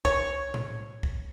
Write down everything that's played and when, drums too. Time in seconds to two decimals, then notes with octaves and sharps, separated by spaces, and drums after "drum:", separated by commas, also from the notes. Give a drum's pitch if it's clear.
0.05 C#5, drum: kick
0.54 drum: tom A2
1.03 drum: kick